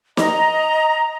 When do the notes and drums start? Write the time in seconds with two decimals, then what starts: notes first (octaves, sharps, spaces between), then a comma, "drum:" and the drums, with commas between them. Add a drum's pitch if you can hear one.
0.17 D#5 A#5, drum: snare